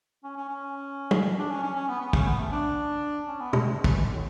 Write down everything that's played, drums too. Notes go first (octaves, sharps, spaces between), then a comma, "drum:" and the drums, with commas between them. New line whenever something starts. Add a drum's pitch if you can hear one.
C#4
C#4
C#4
drum: tom
D4
C#4
C#4
C#4
B3
B3
C#4, drum: kick
B3
A3
D4
C#4
B3
A3, drum: tom
G#3
E3, drum: kick
D3
A2